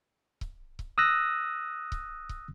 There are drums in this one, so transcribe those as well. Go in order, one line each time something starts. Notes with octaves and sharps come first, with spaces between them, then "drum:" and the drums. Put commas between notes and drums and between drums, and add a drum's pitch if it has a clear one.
drum: kick C#1
drum: kick C#1
D#6 E6 F#6 A#6
drum: kick C#1
drum: kick C#1